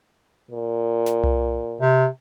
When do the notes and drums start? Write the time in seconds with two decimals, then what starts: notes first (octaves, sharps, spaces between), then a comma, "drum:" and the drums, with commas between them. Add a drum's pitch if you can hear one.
0.51 A#2
1.06 drum: snare
1.23 drum: tom C2
1.81 C3